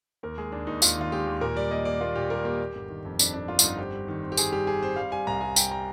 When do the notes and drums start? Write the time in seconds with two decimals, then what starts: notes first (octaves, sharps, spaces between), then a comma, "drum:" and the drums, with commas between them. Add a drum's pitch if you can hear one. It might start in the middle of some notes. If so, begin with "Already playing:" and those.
0.23 D#2 A#4
0.38 G#3 G#4
0.52 D#2 D4
0.67 D#2 D#4
0.82 D#2 F4, drum: tambourine
0.97 D#3 F4
1.12 G#3 G4
1.27 D#2
1.41 A#2 A#4
1.56 G3 D5
1.71 A#3 D#5
1.85 A#3 D5
2.01 A#3 F4
2.16 A#2 G4
2.30 G3 A#4
2.44 A#3 G4
2.60 A#3
2.75 G1
2.90 D#3
3.05 F2
3.19 F2 D4, drum: tambourine
3.33 F2 D4
3.48 G1 F4
3.59 F4, drum: tambourine
3.63 G1 D#4
3.78 C4 G4
3.93 G3
4.08 D#3
4.23 C4
4.32 G4
4.37 D#3 G#4, drum: tambourine
4.52 G3 G4
4.67 G3 G#4
4.81 C4 C5
4.96 G3 F5
5.12 G3 G#5
5.27 C2 A#5
5.41 G3 G#5
5.56 G3 G5, drum: tambourine
5.71 G3 A#5